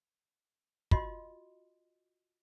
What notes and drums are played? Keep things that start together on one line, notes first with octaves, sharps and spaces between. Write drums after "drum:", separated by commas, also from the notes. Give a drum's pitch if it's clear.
F4 F#4 D#5 C6, drum: kick